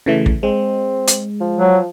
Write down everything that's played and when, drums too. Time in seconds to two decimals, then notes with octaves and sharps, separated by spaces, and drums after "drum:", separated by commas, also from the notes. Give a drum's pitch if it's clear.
0.06 C#3 E3 A3
0.26 drum: kick
0.43 G#3 C4
1.08 drum: hi-hat
1.41 F3
1.56 F#3